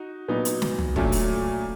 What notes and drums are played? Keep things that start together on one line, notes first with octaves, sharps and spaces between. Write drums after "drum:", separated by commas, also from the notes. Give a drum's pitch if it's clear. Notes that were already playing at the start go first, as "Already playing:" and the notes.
Already playing: D#4 F#4
A#2 F#3 B3 D#4
drum: hi-hat
drum: snare
drum: tom
A#2 F#3 A3 C#4, drum: kick
drum: open hi-hat